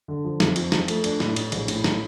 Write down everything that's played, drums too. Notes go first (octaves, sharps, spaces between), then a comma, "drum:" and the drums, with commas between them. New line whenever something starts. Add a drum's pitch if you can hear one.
D3
F3
F2, drum: snare
F3, drum: cymbal
F3, drum: snare
A3, drum: cymbal
D4, drum: cymbal
A2, drum: snare
A2, drum: cymbal
A#1, drum: cymbal
A2, drum: cymbal
A2, drum: snare